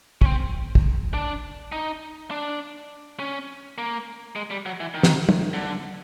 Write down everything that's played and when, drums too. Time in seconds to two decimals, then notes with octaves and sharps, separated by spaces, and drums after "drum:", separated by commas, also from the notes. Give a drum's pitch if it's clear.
0.22 C#4, drum: kick
0.26 C4
0.75 drum: kick
1.14 D4
1.72 D#4
2.31 D4
3.19 C#4
3.78 A#3
4.36 G#3
4.51 G3
4.66 F#3
4.80 E3
4.94 D#3
5.03 drum: snare
5.29 drum: tom
5.54 D3